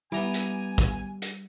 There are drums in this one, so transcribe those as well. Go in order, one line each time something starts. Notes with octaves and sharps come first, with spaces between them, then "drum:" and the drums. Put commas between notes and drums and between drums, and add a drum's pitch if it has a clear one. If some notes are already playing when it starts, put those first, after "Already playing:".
G3 B3 E4 G#5 A#5 D6
drum: hi-hat
drum: kick, hi-hat
drum: hi-hat